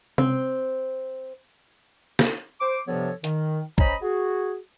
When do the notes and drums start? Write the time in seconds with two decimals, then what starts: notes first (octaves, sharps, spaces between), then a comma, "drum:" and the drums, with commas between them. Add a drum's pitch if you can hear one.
0.18 C4, drum: tom C3
2.19 drum: snare
2.61 C5 D6
2.87 G2 C3 F3 B3 A4 C#5
3.24 D#3, drum: hi-hat
3.78 C#4 C5 D#5 A#5 B5, drum: kick
4.02 F#4 G#4